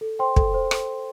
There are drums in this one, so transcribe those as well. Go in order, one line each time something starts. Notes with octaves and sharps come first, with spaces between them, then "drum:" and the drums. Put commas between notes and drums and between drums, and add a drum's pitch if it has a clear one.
A4
C5 G5 C6
A4, drum: kick
C5
drum: rim click